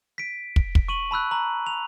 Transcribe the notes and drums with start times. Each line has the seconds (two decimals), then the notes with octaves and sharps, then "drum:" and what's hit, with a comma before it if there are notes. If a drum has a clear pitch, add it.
0.18 B6 D7
0.56 drum: kick
0.75 drum: kick
0.88 C#6 D#7 F#7
1.11 A5 B5 E6 F#6
1.31 A#5 F#7
1.67 F7